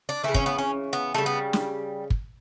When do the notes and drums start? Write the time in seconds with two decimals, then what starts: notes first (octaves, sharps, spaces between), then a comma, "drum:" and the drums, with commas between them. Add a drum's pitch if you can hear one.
0.09 D4
0.23 C#3 E3 A3 E4
0.34 C#4, drum: kick
0.46 B3
0.58 C#4
0.93 B3
1.14 C#3 G3 A3
1.26 B3
1.53 drum: snare
2.10 drum: kick